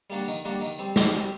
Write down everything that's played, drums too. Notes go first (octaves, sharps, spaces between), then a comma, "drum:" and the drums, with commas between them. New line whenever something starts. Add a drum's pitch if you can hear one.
G3 A#3 D4 F#4
D#3, drum: tambourine
G3 A#3 D4 F#4
D#3, drum: tambourine
G3 C4
D#3, drum: snare
G3 C4